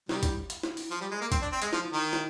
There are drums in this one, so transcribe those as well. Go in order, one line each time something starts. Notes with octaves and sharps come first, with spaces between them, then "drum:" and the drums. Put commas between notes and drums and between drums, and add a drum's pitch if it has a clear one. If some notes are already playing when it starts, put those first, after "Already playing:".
C3 D#3 G3, drum: snare
drum: kick, hi-hat
drum: hi-hat
drum: snare
drum: open hi-hat
F3
G3
G#3
A#3
C4, drum: kick, hi-hat
D4
C4
G#3, drum: hi-hat
F3, drum: snare
D#3
drum: snare